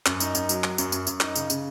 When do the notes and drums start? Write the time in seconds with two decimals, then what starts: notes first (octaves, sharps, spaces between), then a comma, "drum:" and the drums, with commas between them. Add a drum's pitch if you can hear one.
0.06 F#2, drum: clap
0.20 D#4, drum: tambourine
0.35 F#2, drum: tambourine
0.49 F#3, drum: tambourine
0.64 F#3, drum: clap
0.78 F#2, drum: tambourine
0.92 F#2, drum: tambourine
1.07 F#2, drum: tambourine
1.20 D#4, drum: clap
1.35 C#3, drum: tambourine
1.50 C#3, drum: tambourine